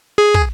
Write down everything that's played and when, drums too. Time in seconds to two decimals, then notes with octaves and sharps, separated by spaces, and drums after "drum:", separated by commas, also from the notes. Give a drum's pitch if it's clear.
0.18 G#4
0.34 drum: kick